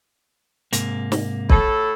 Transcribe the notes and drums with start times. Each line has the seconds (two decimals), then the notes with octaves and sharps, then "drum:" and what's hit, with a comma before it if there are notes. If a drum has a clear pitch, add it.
0.73 G#2 C3 A#3, drum: hi-hat
1.12 drum: snare
1.50 A2 A4, drum: kick